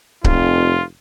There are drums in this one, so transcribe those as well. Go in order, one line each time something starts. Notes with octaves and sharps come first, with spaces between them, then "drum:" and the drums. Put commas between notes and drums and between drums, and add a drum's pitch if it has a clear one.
F1 F2 F4, drum: kick C#1